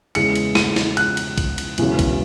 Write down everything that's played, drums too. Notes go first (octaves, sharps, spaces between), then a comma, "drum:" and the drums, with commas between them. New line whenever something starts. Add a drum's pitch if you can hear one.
E2 C#3 G#3 C#7, drum: cymbal
drum: cymbal
D#7, drum: snare
drum: snare
F#6, drum: cymbal
drum: cymbal
drum: kick, cymbal
drum: cymbal
E1 E2 C#3 F#3, drum: cymbal
drum: kick, cymbal